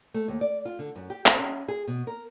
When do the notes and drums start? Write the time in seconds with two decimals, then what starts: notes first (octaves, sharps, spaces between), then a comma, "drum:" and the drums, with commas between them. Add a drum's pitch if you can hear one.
0.14 A3
0.28 D#2
0.41 D5
0.65 F4
0.79 D3
0.96 F#2
1.10 G4
1.26 C4, drum: clap
1.39 C#4
1.68 G#4
1.88 B2
2.07 A#4